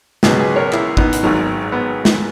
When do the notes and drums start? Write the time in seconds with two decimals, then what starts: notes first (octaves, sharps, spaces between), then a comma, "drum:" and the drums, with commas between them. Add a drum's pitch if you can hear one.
0.23 C#2 B2 F#3 G#4 B4, drum: snare
0.39 G#4 B4
0.56 A#4 C#5
0.73 E4 G#4, drum: clap
0.97 B3 D#4, drum: kick
1.13 drum: hi-hat
1.23 G#1 G#2 D#3 F#3
1.72 B3
2.05 drum: snare